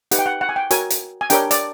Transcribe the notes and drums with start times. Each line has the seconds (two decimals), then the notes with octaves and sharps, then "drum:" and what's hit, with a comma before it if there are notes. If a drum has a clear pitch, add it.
0.11 D#4 G4 B4 F#5, drum: hi-hat
0.19 G5
0.26 F#5
0.41 F#5
0.49 G#5
0.56 G5
0.71 F#4 A#4 C#5 G#5, drum: hi-hat
0.90 drum: hi-hat
1.21 G#5
1.30 D4 G4 A#4 C#5 G5, drum: hi-hat
1.51 D5, drum: hi-hat